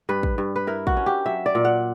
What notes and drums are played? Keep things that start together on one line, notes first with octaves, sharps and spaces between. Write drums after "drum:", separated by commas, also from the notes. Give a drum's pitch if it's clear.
G2 B4
drum: kick
G2
B4
E4 A#4
F#4, drum: kick
C#4
G4
F#3 E5
D5
A#2
F#5